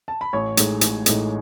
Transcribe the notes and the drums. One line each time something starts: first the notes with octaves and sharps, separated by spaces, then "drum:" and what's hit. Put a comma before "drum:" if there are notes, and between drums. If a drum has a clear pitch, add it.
A5
B5
A1 C#5 C#6
A2 G#3 D#4, drum: hi-hat
A1, drum: hi-hat
A2 G#3 D#4, drum: hi-hat